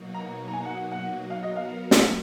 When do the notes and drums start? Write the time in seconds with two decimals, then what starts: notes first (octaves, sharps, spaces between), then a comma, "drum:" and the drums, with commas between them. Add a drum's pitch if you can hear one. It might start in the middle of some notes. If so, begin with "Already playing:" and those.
Already playing: B2 F#3 A#3 D#4 F#4
0.14 A#5
0.48 A#5
0.53 G#5
0.65 F#5
0.91 F#5
1.30 F#3 B3 F#4 A#4 F5
1.43 D#5
1.56 F5
1.91 drum: snare